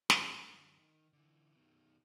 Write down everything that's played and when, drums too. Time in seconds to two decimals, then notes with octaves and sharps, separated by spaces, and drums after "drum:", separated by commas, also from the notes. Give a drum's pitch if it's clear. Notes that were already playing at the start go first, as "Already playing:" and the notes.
0.10 A4 A#4, drum: snare
0.51 F#2 D3
0.79 D#3
1.13 D3 E3
1.56 B2 D#3